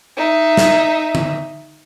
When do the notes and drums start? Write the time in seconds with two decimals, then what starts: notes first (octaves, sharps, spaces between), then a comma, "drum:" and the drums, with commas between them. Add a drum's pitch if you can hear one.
0.17 D#4 E5
0.57 drum: snare
1.15 drum: tom D3